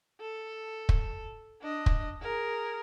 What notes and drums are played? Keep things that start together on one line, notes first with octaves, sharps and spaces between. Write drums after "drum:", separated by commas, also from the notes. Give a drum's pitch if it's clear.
A4
drum: kick
D4 D#5
drum: kick
G#4 A#4